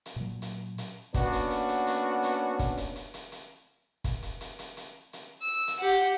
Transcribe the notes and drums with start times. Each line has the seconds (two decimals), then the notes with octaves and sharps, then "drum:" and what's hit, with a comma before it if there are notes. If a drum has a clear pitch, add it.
0.06 drum: hi-hat
0.16 A#2 F#3
0.42 drum: hi-hat
0.78 drum: hi-hat
1.14 A#3 B3 C#4 D4 F#4, drum: kick, hi-hat
1.33 drum: hi-hat
1.51 drum: hi-hat
1.69 drum: hi-hat
1.87 drum: hi-hat
2.23 drum: hi-hat
2.59 drum: kick, hi-hat
2.78 drum: hi-hat
2.96 drum: hi-hat
3.14 drum: hi-hat
3.32 drum: hi-hat
4.04 drum: kick, hi-hat
4.23 drum: hi-hat
4.41 drum: hi-hat
4.59 drum: hi-hat
4.77 drum: hi-hat
5.13 drum: hi-hat
5.42 E6
5.68 drum: hi-hat
5.80 G4 F#5